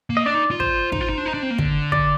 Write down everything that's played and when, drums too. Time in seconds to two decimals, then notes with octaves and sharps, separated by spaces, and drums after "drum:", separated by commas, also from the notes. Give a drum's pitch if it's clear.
0.10 A#3
0.17 D#5
0.26 D4 D5
0.34 D#4
0.51 F4
0.60 C5, drum: kick
0.92 D#4, drum: kick
1.01 F4
1.09 D#4
1.18 D4
1.25 D#4
1.34 D4
1.42 C4
1.51 A#3
1.58 D3, drum: kick
1.92 D5, drum: kick